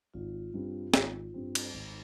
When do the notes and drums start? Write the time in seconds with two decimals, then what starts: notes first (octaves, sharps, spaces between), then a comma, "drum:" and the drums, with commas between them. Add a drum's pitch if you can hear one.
0.14 G#1 F4
0.54 G2 G3 C4
0.94 G#1, drum: snare
1.34 G2 G3 C4
1.55 drum: cymbal
1.74 G#1 D#4